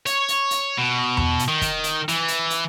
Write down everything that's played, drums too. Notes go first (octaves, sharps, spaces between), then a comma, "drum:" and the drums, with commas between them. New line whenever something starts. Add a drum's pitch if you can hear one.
C#5, drum: hi-hat
drum: hi-hat
drum: hi-hat
B2
drum: tom E2
drum: hi-hat
D#3
drum: kick, hi-hat
drum: hi-hat
E3, drum: hi-hat
drum: hi-hat
drum: hi-hat